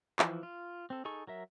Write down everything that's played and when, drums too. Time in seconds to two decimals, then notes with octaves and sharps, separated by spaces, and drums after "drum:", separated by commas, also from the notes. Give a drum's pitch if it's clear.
0.19 E3 F3, drum: clap
0.43 F4
0.90 C4 A4
1.05 D#4 G#4 A4 C#6
1.27 F#3 A#4 E5